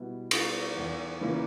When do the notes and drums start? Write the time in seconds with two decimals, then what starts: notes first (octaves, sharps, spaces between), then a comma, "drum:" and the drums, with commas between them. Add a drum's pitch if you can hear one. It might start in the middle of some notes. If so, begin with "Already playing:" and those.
Already playing: B2 G3 B3 E4
0.31 G3 B3 E4, drum: cymbal
0.76 E2
1.21 C#3 E3 A#3 E4